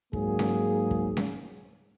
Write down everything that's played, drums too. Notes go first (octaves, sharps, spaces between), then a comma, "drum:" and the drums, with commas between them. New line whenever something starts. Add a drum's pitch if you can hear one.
G#2 F#3 A#3 G#4, drum: kick
drum: snare C#4
drum: kick
drum: snare C#4